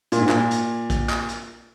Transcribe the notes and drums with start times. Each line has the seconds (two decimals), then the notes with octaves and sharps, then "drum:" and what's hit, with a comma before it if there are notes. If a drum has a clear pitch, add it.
0.12 A#2, drum: hi-hat
0.20 G#2
0.29 A#2, drum: clap
0.51 drum: hi-hat
0.90 drum: kick A#1, hi-hat
1.09 drum: clap
1.29 drum: hi-hat